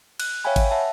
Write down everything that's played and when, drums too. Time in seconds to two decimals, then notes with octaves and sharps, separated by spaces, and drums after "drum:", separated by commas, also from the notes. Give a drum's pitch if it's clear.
0.20 F#6, drum: cymbal
0.44 C#5 E5 F5 G5 G#5 B5
0.56 drum: kick G#1, cymbal
0.71 E5 F#5 A5